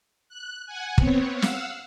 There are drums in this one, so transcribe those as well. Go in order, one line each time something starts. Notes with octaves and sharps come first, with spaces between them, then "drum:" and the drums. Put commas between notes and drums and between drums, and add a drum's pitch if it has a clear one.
F#6
F#5 G#5
B3 C4 C#5, drum: kick
F5 F#5 E6
drum: snare